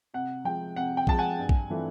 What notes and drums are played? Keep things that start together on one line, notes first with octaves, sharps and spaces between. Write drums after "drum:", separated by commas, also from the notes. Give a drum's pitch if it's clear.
C3 F#5
F3 G#3 G5
C3 F#5
G5
F3 G#3 A5, drum: kick A#1
F#5 G#5
G2
drum: kick A#1
E3 A3 C4 F4